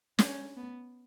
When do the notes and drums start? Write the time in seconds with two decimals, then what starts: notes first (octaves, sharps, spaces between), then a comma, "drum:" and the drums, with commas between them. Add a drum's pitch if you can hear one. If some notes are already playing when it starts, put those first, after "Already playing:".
0.19 C#4, drum: snare
0.57 B3